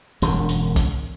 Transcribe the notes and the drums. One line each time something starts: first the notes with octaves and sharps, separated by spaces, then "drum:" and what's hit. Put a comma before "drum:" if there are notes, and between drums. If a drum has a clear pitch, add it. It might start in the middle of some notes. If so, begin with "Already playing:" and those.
E1 F#2 D3, drum: hi-hat
drum: hi-hat
drum: kick, hi-hat